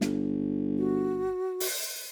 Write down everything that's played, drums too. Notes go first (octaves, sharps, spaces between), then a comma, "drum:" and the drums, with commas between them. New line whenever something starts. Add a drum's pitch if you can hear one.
G1, drum: snare
F#4
drum: open hi-hat